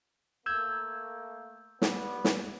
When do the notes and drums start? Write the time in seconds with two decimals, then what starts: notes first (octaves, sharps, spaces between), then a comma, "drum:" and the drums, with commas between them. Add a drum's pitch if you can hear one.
0.46 A3 A#3 E6 G6 G#6
1.82 G3 B3, drum: snare
2.24 drum: snare